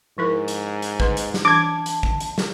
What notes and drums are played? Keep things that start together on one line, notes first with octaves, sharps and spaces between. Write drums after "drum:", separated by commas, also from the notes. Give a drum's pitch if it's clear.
G#2 F3 E4 A#4
drum: hi-hat
drum: hi-hat
B4 D#5 C6, drum: kick
drum: hi-hat
drum: snare
E3 D4 A5 D6 G#6
drum: hi-hat
drum: kick
drum: hi-hat
drum: snare